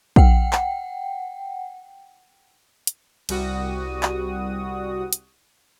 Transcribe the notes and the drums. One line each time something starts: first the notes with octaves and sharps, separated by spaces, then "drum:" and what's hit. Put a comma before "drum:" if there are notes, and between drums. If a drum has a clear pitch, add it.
F#5 G5, drum: kick A#1
drum: clap
drum: hi-hat
C2 G3 F#4 D#6, drum: cymbal
drum: clap
drum: hi-hat